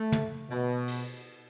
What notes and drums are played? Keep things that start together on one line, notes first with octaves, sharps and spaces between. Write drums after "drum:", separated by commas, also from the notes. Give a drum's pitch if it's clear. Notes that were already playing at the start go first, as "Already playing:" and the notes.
Already playing: A3
drum: tom
B2
drum: cymbal